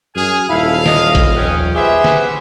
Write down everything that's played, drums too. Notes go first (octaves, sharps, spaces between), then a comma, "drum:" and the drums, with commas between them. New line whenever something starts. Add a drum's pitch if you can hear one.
F#2 G#4 G#5 F6
D#1 E4 A4 F5 B5
D#5, drum: snare
drum: kick, hi-hat
D#2 F3 B3 C#4 G5
G4 G#4 B4 C5 E5 F#5
drum: snare